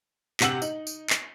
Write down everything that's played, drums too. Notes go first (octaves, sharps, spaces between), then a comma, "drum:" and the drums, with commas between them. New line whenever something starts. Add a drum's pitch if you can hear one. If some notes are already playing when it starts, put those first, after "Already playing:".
C3 G4 F#5 E6 F#7, drum: clap
D#4, drum: tambourine
drum: tambourine
drum: clap